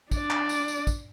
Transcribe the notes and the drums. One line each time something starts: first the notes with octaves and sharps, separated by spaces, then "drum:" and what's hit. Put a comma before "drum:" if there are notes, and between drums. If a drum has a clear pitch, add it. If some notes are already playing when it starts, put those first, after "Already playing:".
D4 D5, drum: kick, tambourine
drum: clap
drum: tambourine
drum: tambourine
drum: kick, tambourine